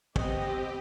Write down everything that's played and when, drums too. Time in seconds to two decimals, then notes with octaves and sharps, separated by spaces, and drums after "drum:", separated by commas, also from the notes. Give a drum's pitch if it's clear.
0.16 B3 C4 G4 D#5, drum: kick